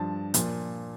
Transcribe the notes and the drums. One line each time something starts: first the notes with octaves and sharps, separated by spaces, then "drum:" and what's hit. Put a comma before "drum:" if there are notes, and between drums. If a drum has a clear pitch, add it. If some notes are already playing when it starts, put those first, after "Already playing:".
Already playing: G2 F3 A5
A#2 F3, drum: hi-hat